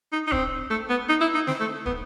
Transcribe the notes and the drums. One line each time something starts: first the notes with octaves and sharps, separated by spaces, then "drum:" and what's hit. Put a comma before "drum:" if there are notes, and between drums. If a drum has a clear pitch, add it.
D#4
D#4
C4, drum: kick
A3
B3
D#4
E4
D#4
C4, drum: snare
A3
B3, drum: kick